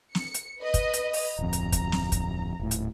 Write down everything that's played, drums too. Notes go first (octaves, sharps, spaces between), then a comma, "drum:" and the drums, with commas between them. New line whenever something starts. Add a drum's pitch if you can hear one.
C#7, drum: snare
drum: hi-hat
B4 D#5
drum: kick, hi-hat
drum: hi-hat
drum: open hi-hat
D1 F2 A#5
drum: hi-hat
drum: kick, hi-hat
drum: snare
drum: kick, hi-hat
D#1 A2
drum: hi-hat